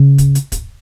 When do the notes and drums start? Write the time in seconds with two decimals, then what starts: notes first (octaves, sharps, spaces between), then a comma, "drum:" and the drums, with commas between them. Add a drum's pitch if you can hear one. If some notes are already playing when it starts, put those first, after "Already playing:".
Already playing: C#3
0.18 drum: kick, hi-hat
0.35 drum: hi-hat
0.52 drum: kick, hi-hat